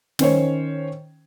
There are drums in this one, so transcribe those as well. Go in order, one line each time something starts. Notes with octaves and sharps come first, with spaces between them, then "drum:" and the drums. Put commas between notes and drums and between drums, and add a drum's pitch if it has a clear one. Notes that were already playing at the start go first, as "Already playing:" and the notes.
D#3 C#4 C5 C#5, drum: snare